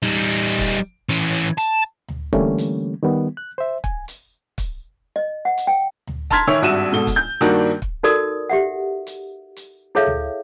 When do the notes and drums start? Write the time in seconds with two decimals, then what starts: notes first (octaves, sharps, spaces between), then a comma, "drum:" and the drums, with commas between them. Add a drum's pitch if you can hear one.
0.03 G3 D#4
0.59 drum: kick, hi-hat
1.09 E3 C#4, drum: hi-hat
1.58 A5, drum: hi-hat
2.08 drum: tom D2
2.33 D3 E3 G3 A3 A#3 C#4, drum: kick
2.58 drum: hi-hat
3.03 D#3 G3 B3
3.37 F#6
3.58 C5 E5
3.84 G#5, drum: kick
4.08 drum: hi-hat
4.58 drum: kick, hi-hat
5.16 D#5
5.45 F#5
5.58 drum: hi-hat
5.67 G5
6.07 drum: tom D2
6.30 A5 A#5 C6 F6 G#6 B6, drum: kick
6.47 D#3 E3 E4 C#5
6.62 G#1 G2 F#4 E5 D#7 E7
6.92 G#2 B2 A4 G7
7.07 drum: kick, hi-hat
7.16 G6
7.41 G2 D#3 A#3 D4 F#4
7.82 drum: kick
8.03 D#4 F#4 A4 A#4 D5 D#6
8.50 G4 E5 F#5
9.07 drum: hi-hat
9.56 drum: hi-hat
9.95 E4 G#4 A4 C#5 E5 F5
10.06 drum: tom D2